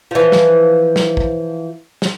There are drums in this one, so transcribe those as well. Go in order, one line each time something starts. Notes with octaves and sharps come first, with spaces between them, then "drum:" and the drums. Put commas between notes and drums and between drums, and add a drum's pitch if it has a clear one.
E3 F3
drum: snare
drum: snare
drum: kick
drum: snare